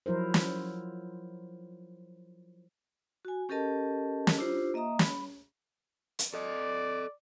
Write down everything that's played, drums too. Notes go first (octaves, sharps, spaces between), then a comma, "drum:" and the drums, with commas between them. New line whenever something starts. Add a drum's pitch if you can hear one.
F3 F#3 E4 A#4 C5
drum: snare
F#4 G#5
C#4 G4 A4 A#4 D#5 A5
drum: snare
D4 E4 F4 G4 C5
A#3 D#5 E5 A#5 D#6
B5, drum: snare
drum: hi-hat
A4 D5 D#5